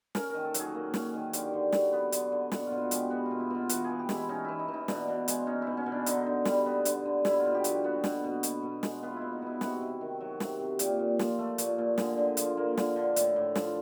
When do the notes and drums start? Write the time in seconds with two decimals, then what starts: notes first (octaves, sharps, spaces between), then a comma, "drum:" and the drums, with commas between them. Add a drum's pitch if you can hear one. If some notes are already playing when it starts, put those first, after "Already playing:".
0.15 C#4 A#4, drum: snare
0.30 D#3 A#4
0.45 A4
0.54 F#3, drum: hi-hat
0.60 G#4
0.75 A#3
0.94 C#4, drum: snare
1.13 D#3
1.33 D3 G4, drum: hi-hat
1.53 D3
1.73 F#3, drum: snare
1.92 B3
2.12 D3, drum: hi-hat
2.32 D3
2.52 B2 F#4, drum: snare
2.67 B2 F4
2.81 F#4
2.91 G#3 G4, drum: hi-hat
3.10 B3 F#4
3.26 B2 F4
3.40 E4
3.50 B2 F4
3.69 E3 F#4, drum: hi-hat
3.84 G#4
3.89 E3
3.99 G4
4.09 G#3, drum: snare
4.15 E4
4.29 C#4 D#4
4.44 E3 E4
4.59 D#4
4.68 E3
4.74 D#4
4.88 B2 D4, drum: snare
5.08 B2
5.28 G#3, drum: hi-hat
5.47 C#4 D#4
5.62 B2 E4
5.77 C#4
5.86 B2
5.92 D4
6.06 D3 D#4, drum: hi-hat
6.26 D3
6.45 G3, drum: snare
6.66 B3
6.85 D3, drum: hi-hat
7.05 D3
7.25 B2 E4, drum: snare
7.40 B2 F4
7.54 G4
7.64 F#3, drum: hi-hat
7.69 G4
7.84 B3 F#4
8.04 B2, drum: snare
8.24 B2
8.43 B2, drum: hi-hat
8.63 B2
8.83 G#3, drum: snare
9.03 B3 F4
9.16 B2 E4
9.32 D#4
9.42 B2 E4
9.61 C3 F#4, drum: snare
9.81 C3
10.01 D#3
10.20 F#3
10.40 C3, drum: snare
10.59 C3
10.79 A#2 G4, drum: hi-hat
10.99 A#2
11.19 F3, drum: snare
11.39 A3
11.58 A#2, drum: hi-hat
11.78 A#2
11.98 D3 G#4, drum: snare
12.17 D3
12.37 F3, drum: hi-hat
12.57 A#3
12.77 D3, drum: snare
12.96 D3
13.16 A2, drum: hi-hat
13.36 A2
13.55 F3, drum: snare